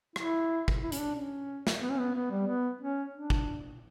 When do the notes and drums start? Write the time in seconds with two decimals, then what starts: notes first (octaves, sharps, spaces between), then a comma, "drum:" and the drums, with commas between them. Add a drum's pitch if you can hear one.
0.16 E4, drum: rim click
0.68 drum: kick
0.83 E4
0.92 C#4, drum: hi-hat
1.00 D4
1.15 C#4
1.67 drum: snare
1.82 B3
1.91 C#4
1.99 B3
2.15 B3
2.31 G3
2.47 B3
2.81 C#4
3.14 D4
3.30 drum: kick